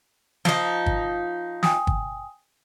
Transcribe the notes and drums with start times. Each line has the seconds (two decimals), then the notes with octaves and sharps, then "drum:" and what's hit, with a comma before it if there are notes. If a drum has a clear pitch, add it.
0.45 F3 D#4, drum: snare
0.86 drum: kick
1.63 G5 G#5 D#6, drum: snare
1.87 drum: kick